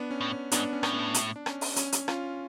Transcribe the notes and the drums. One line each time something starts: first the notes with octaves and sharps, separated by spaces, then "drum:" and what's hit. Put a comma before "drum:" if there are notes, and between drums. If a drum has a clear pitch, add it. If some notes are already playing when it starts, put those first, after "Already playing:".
Already playing: B3 D4
C#4
A2
C#4
G#2 B3 D4, drum: hi-hat
C#4
A2, drum: rim click
B3 D4
drum: hi-hat
D4
C#4, drum: rim click
drum: open hi-hat
C#4, drum: hi-hat
drum: hi-hat
C#4 F4, drum: rim click